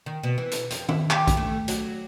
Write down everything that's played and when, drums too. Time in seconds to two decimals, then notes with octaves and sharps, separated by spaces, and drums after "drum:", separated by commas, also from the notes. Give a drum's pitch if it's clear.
0.06 D#3
0.23 B2
0.38 E3
0.52 drum: hi-hat
0.71 F2, drum: hi-hat
0.89 E4, drum: tom D#3
1.10 G4, drum: clap
1.28 drum: kick, hi-hat
1.37 A3
1.68 F#3, drum: hi-hat